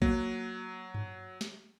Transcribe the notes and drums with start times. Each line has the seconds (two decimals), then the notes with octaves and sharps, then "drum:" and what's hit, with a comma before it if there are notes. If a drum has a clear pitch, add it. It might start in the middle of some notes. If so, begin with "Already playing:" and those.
0.02 F#3 A#3, drum: kick A#1
0.94 drum: tom G2
1.41 drum: snare